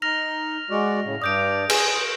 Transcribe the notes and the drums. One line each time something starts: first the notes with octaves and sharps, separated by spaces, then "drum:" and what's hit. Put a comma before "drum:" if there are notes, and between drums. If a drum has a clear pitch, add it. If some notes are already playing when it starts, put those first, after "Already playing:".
D#4 F6 A#6 F7
G#3 F#4 D5
A2 C#3
G2 D5 D#6 G6 D7
G#4 G#5, drum: cymbal